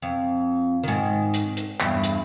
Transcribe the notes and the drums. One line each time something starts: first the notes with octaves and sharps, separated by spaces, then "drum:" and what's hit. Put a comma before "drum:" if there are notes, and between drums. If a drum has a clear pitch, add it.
F2
G#2 D#3
drum: hi-hat
drum: hi-hat
E2 G2, drum: clap
drum: hi-hat